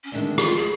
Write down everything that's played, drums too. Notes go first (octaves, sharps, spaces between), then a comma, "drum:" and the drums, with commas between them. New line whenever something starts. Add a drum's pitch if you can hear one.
C#4
D2 C3 D#3 G#3 D4
F4, drum: rim click
G#4